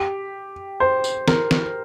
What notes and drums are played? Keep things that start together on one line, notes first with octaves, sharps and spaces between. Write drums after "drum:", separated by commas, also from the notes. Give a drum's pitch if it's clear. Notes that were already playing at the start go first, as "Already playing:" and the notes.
Already playing: G4
C5
drum: tambourine
A#4, drum: snare
drum: snare